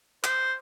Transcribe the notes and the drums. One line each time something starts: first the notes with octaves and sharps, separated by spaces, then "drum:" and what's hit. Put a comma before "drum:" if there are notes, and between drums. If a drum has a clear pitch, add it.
C5, drum: clap